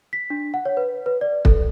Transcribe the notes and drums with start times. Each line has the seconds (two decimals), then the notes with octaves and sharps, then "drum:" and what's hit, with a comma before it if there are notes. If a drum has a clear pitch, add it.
0.13 B6
0.30 D4
0.54 F#5
0.65 C#5
0.77 B4
1.06 B4
1.21 D5
1.45 A4, drum: kick